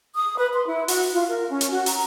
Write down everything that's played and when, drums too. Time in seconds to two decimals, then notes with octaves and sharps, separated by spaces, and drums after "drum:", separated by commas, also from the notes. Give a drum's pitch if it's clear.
0.15 D#6
0.37 B4
0.53 C6
0.67 E4
0.88 F#4, drum: open hi-hat
1.13 F4
1.29 A#4
1.49 C#4
1.61 drum: hi-hat
1.71 F#4
1.86 A#5, drum: open hi-hat